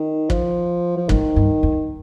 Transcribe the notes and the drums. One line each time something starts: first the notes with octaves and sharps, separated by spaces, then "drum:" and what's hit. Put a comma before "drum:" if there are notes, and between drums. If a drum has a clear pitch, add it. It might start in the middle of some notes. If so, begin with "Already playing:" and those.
Already playing: D#3
F3, drum: kick
F3
G#2 D#3, drum: kick
G2
F2